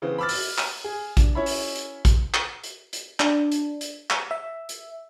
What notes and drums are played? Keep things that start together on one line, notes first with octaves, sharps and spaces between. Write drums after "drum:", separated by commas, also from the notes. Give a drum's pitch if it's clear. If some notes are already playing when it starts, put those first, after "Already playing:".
C#3 E3 B3 C4
B5 D6 E6 F6 A6
drum: open hi-hat
drum: clap
G#4
D4, drum: kick, hi-hat
C#4 E4 C#5 E5 B5
drum: open hi-hat
drum: hi-hat
drum: kick, hi-hat
drum: clap
drum: hi-hat
drum: hi-hat
D4, drum: clap
drum: hi-hat
drum: hi-hat
drum: clap
E5
drum: hi-hat